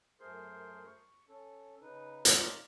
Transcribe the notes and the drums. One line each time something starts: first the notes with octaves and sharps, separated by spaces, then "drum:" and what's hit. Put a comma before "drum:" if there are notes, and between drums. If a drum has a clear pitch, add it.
F#2 A3 G#4 A#4 C5 C6
C#6
C#4 A4
C#3 D#4 B4
D#4 F4 A#4 C#5 D5, drum: hi-hat